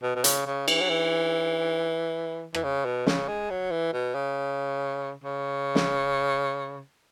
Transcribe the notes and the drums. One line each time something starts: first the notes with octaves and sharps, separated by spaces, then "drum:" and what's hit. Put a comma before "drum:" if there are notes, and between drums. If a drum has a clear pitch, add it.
B2
B2
C#3, drum: hi-hat
C#3
E3, drum: cymbal
F#3
E3
E3, drum: rim click
C#3
B2
C#3, drum: snare
G#3
F#3
E3
B2
C#3
C#3
drum: snare